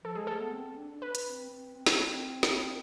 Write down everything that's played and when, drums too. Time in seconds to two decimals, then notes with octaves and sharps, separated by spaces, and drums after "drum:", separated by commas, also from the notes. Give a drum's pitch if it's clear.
0.04 F3 A4
0.15 G#3 G#4
0.27 A3 A4
0.41 B3
0.53 C4
0.65 C4
0.77 D4
0.90 D4
1.02 B4
1.15 drum: hi-hat
1.26 C4
1.50 C4
1.75 C4
1.86 C4, drum: snare
1.99 C4
2.43 drum: snare